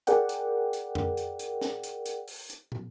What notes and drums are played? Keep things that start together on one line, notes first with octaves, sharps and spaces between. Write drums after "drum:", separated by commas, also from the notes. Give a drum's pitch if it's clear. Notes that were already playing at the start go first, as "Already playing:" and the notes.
G#4 A#4 D5 F#5 G5, drum: hi-hat
drum: hi-hat
drum: hi-hat
drum: tom F2
drum: hi-hat
drum: hi-hat
drum: snare
drum: hi-hat
drum: hi-hat
drum: open hi-hat
drum: hi-hat
drum: tom